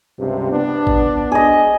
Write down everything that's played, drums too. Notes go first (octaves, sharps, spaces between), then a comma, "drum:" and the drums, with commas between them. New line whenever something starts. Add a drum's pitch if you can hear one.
C#2 G2 C3
B3 D4
drum: kick A1
G#4 D#5